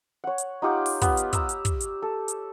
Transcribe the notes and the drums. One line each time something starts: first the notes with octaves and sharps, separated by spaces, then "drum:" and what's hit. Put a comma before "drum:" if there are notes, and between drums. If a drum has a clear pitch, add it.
C#5 F#5
drum: hi-hat
D#4 F4 G4 F#5
drum: open hi-hat
B3 F4 G4, drum: kick, hi-hat
drum: hi-hat
A#5 E6, drum: kick, hi-hat
drum: hi-hat
drum: kick, hi-hat
drum: hi-hat
A4
drum: hi-hat